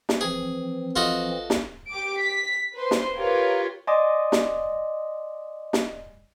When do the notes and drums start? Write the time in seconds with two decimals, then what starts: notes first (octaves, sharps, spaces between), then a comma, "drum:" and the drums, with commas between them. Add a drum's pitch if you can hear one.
0.09 drum: snare
0.21 E3 F3 C4 G#4
0.96 A1 F4 F#4 A4 D#5
1.50 drum: snare
1.90 G4 D6 D7
2.20 B6
2.74 B4 C5 C6
2.91 drum: snare
3.18 F4 G4 A#4 B4 C#5
3.87 D5 D#5 G#5 C6 D6 D#6
4.32 drum: snare
5.73 drum: snare